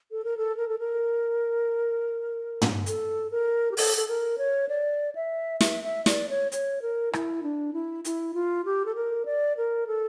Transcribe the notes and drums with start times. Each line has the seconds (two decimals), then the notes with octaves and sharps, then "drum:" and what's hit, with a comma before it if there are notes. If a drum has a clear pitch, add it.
0.11 A4
0.24 A#4
0.37 A4
0.57 A#4
0.69 A4
0.79 A#4
2.62 drum: tom
2.86 A4, drum: hi-hat
3.31 A#4
3.72 G4
3.77 A4, drum: open hi-hat
3.97 A4
4.08 A#4
4.38 C#5
4.69 D5
5.15 E5
5.61 E5, drum: snare
5.84 E5
6.06 D5, drum: snare
6.29 C#5
6.52 C#5, drum: hi-hat
6.82 A#4
7.13 E4, drum: rim click
7.43 D4
7.74 E4
8.05 E4, drum: hi-hat
8.34 F4
8.65 G4
8.86 A4
8.95 A#4
9.26 D5
9.57 A#4
9.87 A4